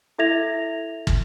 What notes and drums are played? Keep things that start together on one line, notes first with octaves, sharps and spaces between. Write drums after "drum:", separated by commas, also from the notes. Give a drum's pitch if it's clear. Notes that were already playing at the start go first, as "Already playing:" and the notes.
E4 A4 E5 G#6 A#6 F7
drum: kick